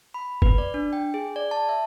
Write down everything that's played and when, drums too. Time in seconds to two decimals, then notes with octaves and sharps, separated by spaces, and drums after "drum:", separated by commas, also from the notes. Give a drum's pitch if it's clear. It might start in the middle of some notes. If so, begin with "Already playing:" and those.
0.14 B5
0.42 B4, drum: kick F#1
0.58 D5
0.74 D4
0.93 G5
1.14 G#4
1.36 D5
1.51 A5
1.69 E5